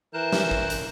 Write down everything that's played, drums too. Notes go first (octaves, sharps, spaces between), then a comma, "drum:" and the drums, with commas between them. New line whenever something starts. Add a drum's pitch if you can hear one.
E3 A#4 C5 A5 F#6
drum: snare
drum: kick
drum: hi-hat